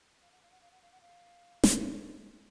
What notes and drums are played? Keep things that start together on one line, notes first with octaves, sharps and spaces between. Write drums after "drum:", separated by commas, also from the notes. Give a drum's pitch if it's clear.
F5
F#5
F5
F#5
F5
F#5
F5
F#5
F5
drum: snare